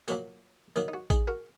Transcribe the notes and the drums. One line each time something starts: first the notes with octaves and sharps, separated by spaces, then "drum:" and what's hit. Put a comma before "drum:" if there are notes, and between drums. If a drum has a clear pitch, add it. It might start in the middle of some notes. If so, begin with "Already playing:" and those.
A#2 F#3 A#3 F#4, drum: tambourine
D#3 F#3 A#3 D#4, drum: tambourine
D#4
F#4
D#4 G#4, drum: kick A1, tambourine
F#4 A#4